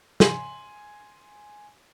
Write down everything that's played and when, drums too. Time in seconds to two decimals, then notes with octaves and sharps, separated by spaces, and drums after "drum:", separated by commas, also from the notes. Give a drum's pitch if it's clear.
0.20 G#5 C6 F#7, drum: snare